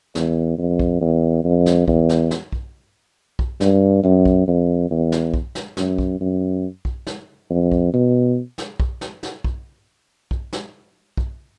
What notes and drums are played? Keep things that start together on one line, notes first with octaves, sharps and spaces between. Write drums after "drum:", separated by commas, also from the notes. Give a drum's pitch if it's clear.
E2, drum: snare
F2
drum: kick
E2
F2
drum: snare
E2, drum: kick
drum: snare
drum: snare
drum: kick
drum: kick
G2, drum: snare
F#2
drum: kick
F2
E2
drum: snare
drum: kick
drum: snare
F#2, drum: snare
drum: kick
F#2
drum: kick
drum: snare
F2
drum: kick
B2
drum: snare
drum: kick
drum: snare
drum: snare
drum: kick
drum: kick
drum: snare
drum: kick